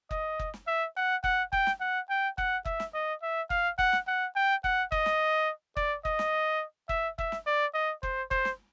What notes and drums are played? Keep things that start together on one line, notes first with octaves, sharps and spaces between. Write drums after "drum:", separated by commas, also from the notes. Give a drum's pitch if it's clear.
D#5, drum: kick F#1
drum: kick F#1
drum: snare
E5
F#5
F#5, drum: kick F#1
G5, drum: kick F#1
drum: snare
F#5
G5
F#5, drum: kick F#1
E5, drum: kick F#1
drum: snare
D#5
E5
F5, drum: kick F#1
F#5, drum: kick F#1
drum: snare
F#5
G5
F#5, drum: kick F#1
D#5, drum: kick F#1
drum: snare
D5, drum: kick F#1
D#5, drum: kick F#1
drum: snare
E5, drum: kick F#1
E5, drum: kick F#1
drum: snare
D5
D#5
C5, drum: kick F#1
C5, drum: kick F#1
drum: snare